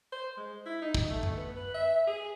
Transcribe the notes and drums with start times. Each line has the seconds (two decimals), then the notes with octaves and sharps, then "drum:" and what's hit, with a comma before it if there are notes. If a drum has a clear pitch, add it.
0.13 C5
0.37 G#3
0.66 E4
0.82 D#4
0.94 drum: kick
1.10 A3
1.23 drum: tom F#2
1.37 B3
1.56 B4
1.74 E5
2.07 G#4